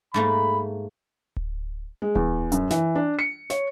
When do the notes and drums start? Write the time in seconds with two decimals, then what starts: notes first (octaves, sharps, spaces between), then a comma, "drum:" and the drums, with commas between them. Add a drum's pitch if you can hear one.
0.14 G#2 A3 A#3 B5
1.36 drum: kick D1
2.02 G#3
2.15 E2, drum: kick D1
2.52 F#2, drum: hi-hat
2.70 E3, drum: snare
2.95 D4
3.19 C#7
3.50 C#5, drum: snare